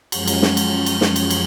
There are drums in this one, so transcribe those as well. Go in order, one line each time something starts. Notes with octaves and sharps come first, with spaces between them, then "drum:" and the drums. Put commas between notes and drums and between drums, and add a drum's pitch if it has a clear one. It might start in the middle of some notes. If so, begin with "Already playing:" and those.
F#2 F3 G#3 C#4, drum: cymbal
drum: cymbal
drum: snare
drum: cymbal
C#4
drum: cymbal
drum: snare
drum: cymbal
drum: cymbal